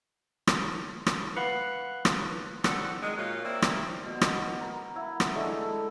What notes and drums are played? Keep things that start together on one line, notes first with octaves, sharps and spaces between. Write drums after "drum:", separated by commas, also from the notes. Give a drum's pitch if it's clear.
drum: rim click
drum: rim click
B4 F5 F#5 B5 F#6
drum: rim click
C4 D4 A4 F#5, drum: rim click
D#3 G#3
A#2 A#3 F4 F#4 C#5
A#3 C4 E4 D5
drum: rim click
B2
drum: rim click
A#4
E4 F#5
drum: rim click
D3 G#3 A3